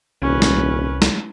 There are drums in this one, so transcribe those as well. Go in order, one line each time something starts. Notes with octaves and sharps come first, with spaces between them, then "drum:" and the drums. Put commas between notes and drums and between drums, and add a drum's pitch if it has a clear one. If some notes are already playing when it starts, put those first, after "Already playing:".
D#1 C2 C#4 B4
drum: snare
drum: snare